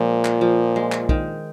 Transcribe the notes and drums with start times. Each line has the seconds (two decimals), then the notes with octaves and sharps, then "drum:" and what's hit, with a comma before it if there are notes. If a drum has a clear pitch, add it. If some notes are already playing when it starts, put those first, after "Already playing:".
Already playing: A#2 F3 G#3
0.25 drum: clap
0.41 F3
0.76 G#3
0.92 drum: clap
1.09 D#3, drum: kick